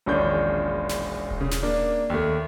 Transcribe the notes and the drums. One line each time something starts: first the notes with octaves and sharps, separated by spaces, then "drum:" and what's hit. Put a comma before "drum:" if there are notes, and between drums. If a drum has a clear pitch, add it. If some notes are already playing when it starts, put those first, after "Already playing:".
E1 A#1 D#3 C#4 D4 G6
drum: snare
drum: kick D#1
C#3
drum: snare
A#3 D4
D#2 A3